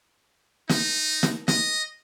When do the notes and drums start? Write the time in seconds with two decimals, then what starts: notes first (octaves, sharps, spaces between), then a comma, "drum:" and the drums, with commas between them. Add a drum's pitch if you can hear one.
0.69 D#4, drum: snare
1.23 drum: snare
1.48 D#5, drum: snare